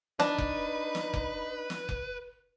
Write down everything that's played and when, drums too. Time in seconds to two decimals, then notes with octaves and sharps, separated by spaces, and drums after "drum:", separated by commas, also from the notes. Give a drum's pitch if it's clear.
0.20 D4 D#4 B4, drum: snare
0.38 drum: kick F1
0.95 drum: snare
1.13 drum: kick F1
1.70 drum: snare
1.89 drum: kick F1